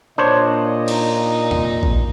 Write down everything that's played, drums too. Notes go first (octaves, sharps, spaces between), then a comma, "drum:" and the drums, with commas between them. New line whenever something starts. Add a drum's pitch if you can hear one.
A#2 D4 C5 C#5 D#5
D#4, drum: cymbal
drum: tom E2
drum: kick A#1